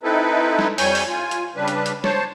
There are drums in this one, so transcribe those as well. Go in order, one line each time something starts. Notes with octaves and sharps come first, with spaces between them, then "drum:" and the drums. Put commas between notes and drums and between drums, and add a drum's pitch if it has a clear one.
C4 D#4 E4 A4 B4
drum: snare
F2 G3 C#5 G#5 G6, drum: open hi-hat
drum: open hi-hat
F4 G#5
drum: hi-hat
C#3 G3 D4 B4
drum: hi-hat
drum: hi-hat
C5 C#5 A5, drum: snare